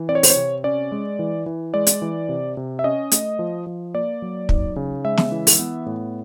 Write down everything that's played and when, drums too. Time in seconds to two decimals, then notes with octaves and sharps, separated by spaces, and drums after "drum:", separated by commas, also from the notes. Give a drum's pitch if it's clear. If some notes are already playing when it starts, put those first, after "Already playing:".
Already playing: E3
0.09 C4 D5
0.15 C#5
0.23 C5, drum: open hi-hat
0.30 C#5
0.36 C3
0.64 C#4 D5
0.92 G#3
1.19 E3
1.46 E3
1.74 G#3 D5
1.87 drum: hi-hat
2.02 E3
2.29 C3
2.57 C3
2.79 E5
2.84 C#4 D#5
3.12 A3, drum: hi-hat
3.39 F3
3.67 F3
3.95 A#3 D5
4.22 F#3
4.49 D#4, drum: kick
4.76 C#3
5.05 G#3 E5
5.17 drum: snare
5.32 E3
5.47 drum: open hi-hat
5.59 B3
5.86 A2